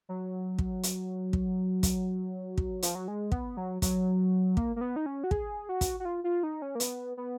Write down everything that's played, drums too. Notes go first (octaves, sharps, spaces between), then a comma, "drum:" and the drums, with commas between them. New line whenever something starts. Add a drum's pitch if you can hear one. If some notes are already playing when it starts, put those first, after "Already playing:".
F#3
drum: kick
drum: hi-hat
drum: kick
drum: kick, hi-hat
drum: kick
F3, drum: hi-hat
F#3
G#3
B3, drum: kick
F#3
F#3, drum: kick, hi-hat
A#3, drum: kick
A#3
B3
D#4
C#4
F#4
G#4, drum: kick
F#4
drum: kick, hi-hat
F#4
F4
F4
D#4
C#4
A#3
B3, drum: hi-hat
B3